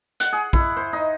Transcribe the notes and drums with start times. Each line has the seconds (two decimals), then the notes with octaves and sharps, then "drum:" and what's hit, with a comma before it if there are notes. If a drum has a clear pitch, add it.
0.20 F#5, drum: hi-hat
0.33 G#4
0.53 E4, drum: kick
0.77 C5
0.93 D#4